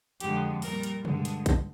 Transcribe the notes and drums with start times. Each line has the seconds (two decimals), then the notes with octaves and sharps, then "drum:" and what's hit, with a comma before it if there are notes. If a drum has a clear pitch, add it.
0.20 F2 D3 G#3 G4, drum: hi-hat
0.62 A#2 G3 A#4, drum: open hi-hat
0.83 drum: hi-hat
1.05 G2 D3 G#3, drum: tom
1.25 drum: hi-hat
1.46 drum: kick A#1, hi-hat